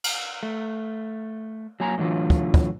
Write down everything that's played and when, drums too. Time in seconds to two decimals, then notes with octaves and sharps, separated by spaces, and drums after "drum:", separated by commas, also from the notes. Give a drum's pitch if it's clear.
0.04 drum: cymbal
0.43 A3
1.80 F#3 A#3 G#5 A#5
1.98 A2 D3 E3 F#3 F4
2.30 drum: kick
2.54 drum: kick